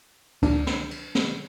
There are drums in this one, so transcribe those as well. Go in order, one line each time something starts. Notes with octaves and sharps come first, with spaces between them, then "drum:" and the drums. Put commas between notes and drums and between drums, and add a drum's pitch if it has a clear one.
D4, drum: kick C#2, cymbal
drum: snare
drum: cymbal
drum: snare